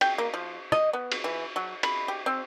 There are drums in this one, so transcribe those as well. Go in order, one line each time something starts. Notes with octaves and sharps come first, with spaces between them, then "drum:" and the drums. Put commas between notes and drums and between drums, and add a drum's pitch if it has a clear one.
G5, drum: cymbal
A#3
F3
D#5, drum: rim click
B3
drum: cymbal
E3
F#3
B5, drum: cymbal
G4
C4